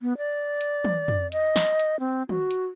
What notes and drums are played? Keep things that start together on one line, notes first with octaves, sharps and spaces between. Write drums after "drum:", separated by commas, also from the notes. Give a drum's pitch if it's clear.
B3
D5
drum: hi-hat
drum: tom
drum: tom
D#5, drum: hi-hat
drum: snare
drum: hi-hat
C4
F#4, drum: tom
drum: hi-hat